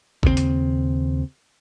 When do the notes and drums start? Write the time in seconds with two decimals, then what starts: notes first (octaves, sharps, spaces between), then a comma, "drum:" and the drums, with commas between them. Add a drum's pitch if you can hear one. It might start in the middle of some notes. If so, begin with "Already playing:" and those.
0.23 D#2 C#3 G3 C4, drum: kick G#1
0.37 drum: hi-hat